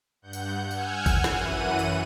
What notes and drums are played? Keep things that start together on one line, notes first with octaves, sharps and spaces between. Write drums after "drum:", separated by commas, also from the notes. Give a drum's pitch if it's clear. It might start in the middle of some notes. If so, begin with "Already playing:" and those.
G2 F#5 G6
drum: tambourine
F#5 G#5 E6 F6 G6 G#6, drum: tambourine
drum: kick G#1, tambourine
F#2 E3 F#5 D#7, drum: snare
drum: tambourine